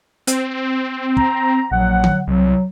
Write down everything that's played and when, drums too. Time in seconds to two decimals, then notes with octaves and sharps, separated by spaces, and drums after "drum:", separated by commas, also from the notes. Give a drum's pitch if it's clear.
0.27 C4, drum: hi-hat
1.17 A#5, drum: kick
1.71 A#1 F#3 F#5
2.04 drum: tom D3
2.27 C2 F#3